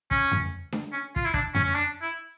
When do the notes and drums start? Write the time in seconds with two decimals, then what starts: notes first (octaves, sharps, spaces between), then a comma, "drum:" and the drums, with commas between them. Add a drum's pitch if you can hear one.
0.11 C#4, drum: kick
0.31 drum: tom F2
0.72 drum: snare D4
0.93 C#4
1.16 F4, drum: kick
1.25 E4
1.34 D4, drum: kick
1.55 C#4, drum: tom F2
1.65 C#4
1.76 D4
2.02 E4